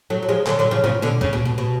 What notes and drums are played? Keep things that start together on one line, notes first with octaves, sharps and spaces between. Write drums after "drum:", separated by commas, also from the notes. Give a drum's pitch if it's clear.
F#3 A3
F#3
F3 G#3
D3 F#3, drum: clap
D3 F#3
C#3 F3
C#3 F3, drum: tom G#2
B2 D3
C#3, drum: kick C2
B2
B2
B2